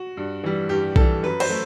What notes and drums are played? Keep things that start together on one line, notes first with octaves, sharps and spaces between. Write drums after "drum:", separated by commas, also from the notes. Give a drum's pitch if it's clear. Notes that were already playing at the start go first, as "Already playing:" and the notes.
Already playing: F#4
G2
E3 G3
G2 G4
E3 G3 A4, drum: kick B1
F#2 B4
C5, drum: cymbal
F#3 A3